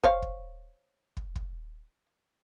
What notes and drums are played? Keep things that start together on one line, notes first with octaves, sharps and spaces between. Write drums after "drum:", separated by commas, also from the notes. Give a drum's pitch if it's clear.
C5 C#5 F5, drum: kick
drum: kick
drum: kick
drum: kick